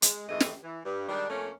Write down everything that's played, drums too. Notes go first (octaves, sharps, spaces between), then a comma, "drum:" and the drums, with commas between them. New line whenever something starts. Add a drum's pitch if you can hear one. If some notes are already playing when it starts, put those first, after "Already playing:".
G#3, drum: hi-hat
F2 G#2 E3 G#3 A3 D#5
drum: snare
E3
G2
D#3 G3 G#3 D4
F2 A3 A#3 C#4